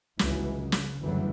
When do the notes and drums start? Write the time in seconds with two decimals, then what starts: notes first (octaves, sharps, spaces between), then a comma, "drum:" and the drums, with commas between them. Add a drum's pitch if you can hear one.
0.19 G1 C#2 E3 F#3 G#3, drum: snare
0.62 C#3
0.72 drum: snare
1.01 F#1 D2 G2 E3 F#3 G3